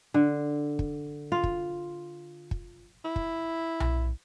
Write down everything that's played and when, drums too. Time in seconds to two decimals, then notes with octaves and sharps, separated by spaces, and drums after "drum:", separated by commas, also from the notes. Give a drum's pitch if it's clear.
0.14 D3
0.79 drum: kick
1.32 F4
1.43 drum: kick
2.51 drum: kick
3.04 E4
3.16 drum: kick
3.80 drum: tom B1